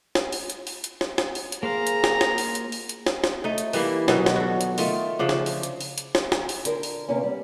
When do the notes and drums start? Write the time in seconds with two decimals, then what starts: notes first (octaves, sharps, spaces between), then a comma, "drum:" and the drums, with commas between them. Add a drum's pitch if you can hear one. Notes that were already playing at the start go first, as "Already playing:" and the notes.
0.15 drum: snare
0.32 drum: open hi-hat
0.50 drum: hi-hat
0.67 drum: open hi-hat
0.84 drum: hi-hat
1.01 drum: snare
1.18 drum: snare
1.35 drum: open hi-hat
1.52 drum: hi-hat
1.63 A#3 G#4 C5 F5 A#5
1.87 drum: hi-hat
2.04 drum: snare
2.21 drum: snare
2.38 drum: open hi-hat
2.55 drum: hi-hat
2.72 drum: open hi-hat
2.89 drum: hi-hat
3.06 drum: snare
3.24 drum: snare
3.44 A3 D#4
3.58 drum: hi-hat
3.73 E3 G3 A#3 E4, drum: open hi-hat
4.08 B2 D#3 F#3 G3, drum: snare
4.26 drum: snare
4.36 F#4 A4
4.61 drum: hi-hat
4.78 D#3 A3 F4, drum: open hi-hat
5.19 C#3 F3 D4
5.29 drum: snare
5.46 drum: open hi-hat
5.63 drum: hi-hat
5.81 drum: open hi-hat
5.98 drum: hi-hat
6.15 drum: snare
6.32 drum: snare
6.49 drum: open hi-hat
6.65 D3 A#4, drum: hi-hat
6.83 drum: open hi-hat
7.08 D#2 C3 A#3 B3 C#4
7.23 G3